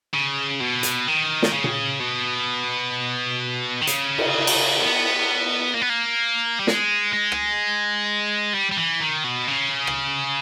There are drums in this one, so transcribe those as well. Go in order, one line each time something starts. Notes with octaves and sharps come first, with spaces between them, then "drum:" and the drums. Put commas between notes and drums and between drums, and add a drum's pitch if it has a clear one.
C#3
B2
drum: hi-hat
D#3
drum: snare
C#3
drum: tom A#2
B2
D#3
C#3, drum: hi-hat
drum: cymbal
drum: cymbal
B3
A#3
B3
A#3
G3
G#3, drum: snare
G#3
drum: rim click
G3
G3
E3
D#3
B2
C#3
drum: rim click